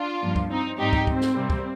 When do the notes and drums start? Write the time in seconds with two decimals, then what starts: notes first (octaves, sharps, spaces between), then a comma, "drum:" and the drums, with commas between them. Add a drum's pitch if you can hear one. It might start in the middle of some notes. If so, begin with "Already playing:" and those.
Already playing: D4 F4
0.21 G2 F3 A#3
0.36 drum: kick
0.50 C4 D#4
0.78 G#2 G3 C4 D#4 G4
0.93 drum: kick
1.07 C4, drum: kick
1.21 drum: snare
1.36 C3 G3 A#3
1.50 drum: kick